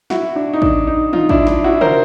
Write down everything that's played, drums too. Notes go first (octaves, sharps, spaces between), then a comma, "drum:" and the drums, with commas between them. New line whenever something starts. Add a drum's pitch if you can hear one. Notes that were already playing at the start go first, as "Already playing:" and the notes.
E4 F#4, drum: snare
D4
D#4
D4, drum: kick
D#4
D#4 F4, drum: tom
D4 E4, drum: kick
D4 E4, drum: snare
E4 F#4
A#4 C5, drum: tom